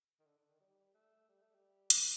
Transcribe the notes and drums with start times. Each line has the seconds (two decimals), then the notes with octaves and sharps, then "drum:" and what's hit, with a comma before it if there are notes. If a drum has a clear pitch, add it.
0.20 D#3
0.26 D3
0.38 D3
0.49 D#3
0.60 G3
0.94 A3
1.29 G3
1.42 A3
1.55 G3
1.90 D#3, drum: hi-hat
1.97 F3